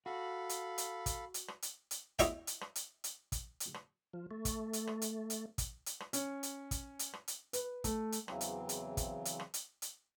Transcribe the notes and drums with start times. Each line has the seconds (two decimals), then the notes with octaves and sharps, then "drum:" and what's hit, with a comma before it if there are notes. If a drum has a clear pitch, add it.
0.06 F#4 A4 F5 B5
0.49 drum: hi-hat
0.78 drum: hi-hat
1.06 drum: kick, hi-hat
1.34 drum: hi-hat
1.48 drum: rim click
1.62 drum: hi-hat
1.91 drum: hi-hat
2.19 E4 C#5 D#5 E5 G5, drum: kick, hi-hat
2.47 drum: hi-hat
2.61 drum: rim click
2.75 drum: hi-hat
3.04 drum: hi-hat
3.32 drum: kick, hi-hat
3.60 drum: hi-hat
3.74 drum: rim click
4.13 F3
4.31 A3
4.45 drum: kick, hi-hat
4.73 drum: hi-hat
4.87 drum: rim click
5.02 drum: hi-hat
5.30 drum: hi-hat
5.58 drum: kick, hi-hat
5.86 drum: hi-hat
6.00 drum: rim click
6.13 C#4, drum: hi-hat
6.43 drum: hi-hat
6.71 drum: kick, hi-hat
6.99 drum: hi-hat
7.13 drum: rim click
7.28 drum: hi-hat
7.53 B4, drum: hi-hat
7.84 A3, drum: kick, hi-hat
8.12 drum: hi-hat
8.28 E2 C#3 E3 F#3 C4, drum: rim click
8.41 drum: hi-hat
8.69 drum: hi-hat
8.97 drum: kick, hi-hat
9.25 drum: hi-hat
9.40 drum: rim click
9.54 drum: hi-hat
9.82 drum: hi-hat